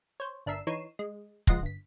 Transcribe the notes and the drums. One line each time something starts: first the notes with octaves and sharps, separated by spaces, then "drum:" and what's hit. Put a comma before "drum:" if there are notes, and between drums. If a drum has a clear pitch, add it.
C5 C#5
G1 D4 A#4 E5 C7 E7
E3 D#4 C#5 C7 D#7 E7
G#3
C#2 F3 D#5 F#5 C6 A#6, drum: kick
G1 B6